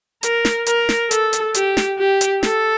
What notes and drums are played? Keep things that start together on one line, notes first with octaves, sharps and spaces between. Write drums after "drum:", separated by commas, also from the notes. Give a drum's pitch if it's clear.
A#4, drum: hi-hat
drum: snare
A#4, drum: hi-hat
drum: snare
A4, drum: hi-hat
drum: hi-hat
G4, drum: hi-hat
drum: snare
G4
drum: hi-hat
A4, drum: snare